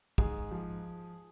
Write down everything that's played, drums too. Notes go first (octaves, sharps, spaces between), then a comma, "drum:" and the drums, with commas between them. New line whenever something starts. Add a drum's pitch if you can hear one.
G#2 G#4, drum: kick
F3